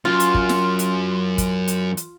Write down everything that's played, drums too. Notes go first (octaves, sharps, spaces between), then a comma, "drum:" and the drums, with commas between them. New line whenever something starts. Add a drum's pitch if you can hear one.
F#2 F4
drum: hi-hat
drum: kick
drum: snare
drum: hi-hat
drum: kick, hi-hat
drum: hi-hat
drum: hi-hat